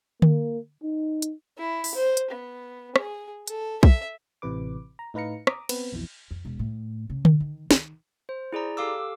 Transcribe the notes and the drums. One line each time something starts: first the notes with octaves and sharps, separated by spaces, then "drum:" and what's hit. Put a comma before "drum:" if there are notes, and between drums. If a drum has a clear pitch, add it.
A#3, drum: tom D3
D#4
drum: hi-hat
E4
drum: open hi-hat
C5
drum: hi-hat
B3
G#4, drum: rim click
A4, drum: hi-hat
E5, drum: kick
A1 C3 E3 B4 D6
A#5
A2 D#4 B4 F5 A#5 C#7
A#5 D6 D#6, drum: rim click
B3 C4 B4, drum: cymbal
B1 F2 B2 E3
F2
E1
A2
C#3
drum: tom D3
D#3
D#3, drum: snare
C5
E4 G#4 D5 A#5
G4 A4 F5 D6 E6